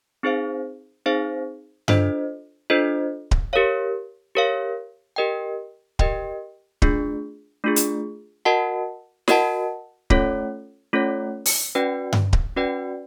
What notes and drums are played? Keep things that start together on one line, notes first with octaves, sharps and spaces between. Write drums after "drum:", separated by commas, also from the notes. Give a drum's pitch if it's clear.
C4 D#4 G#4 C5 F5
C4 D#4 G#4 C5 F5
D4 F4 A4 C5 D#5, drum: tom G2
D4 F4 A4 C5 D#5
drum: kick D1
G4 A#4 C#5 F5
G4 A#4 C#5 F5
G4 A#4 D#5 G5
G4 A#4 D#5 G5, drum: kick D1
A3 D4 F4 G#4, drum: kick D1
A3 D4 F4 G#4
drum: hi-hat
F#4 A#4 D#5 F#5 A5
F#4 A#4 D#5 F#5 A5, drum: snare
A3 C#4 F4 A4 C#5, drum: kick D1
A3 C#4 F4 A4 C#5
drum: open hi-hat
C#4 F#4 B4 D5 G5
drum: tom G2
drum: kick D1
C#4 F#4 B4 D5 G5